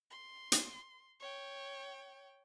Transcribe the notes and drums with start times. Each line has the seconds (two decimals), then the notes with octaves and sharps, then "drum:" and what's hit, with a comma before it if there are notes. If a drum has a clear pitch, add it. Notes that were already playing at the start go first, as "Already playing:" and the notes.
0.11 C6
0.52 drum: hi-hat
1.20 C#5 G5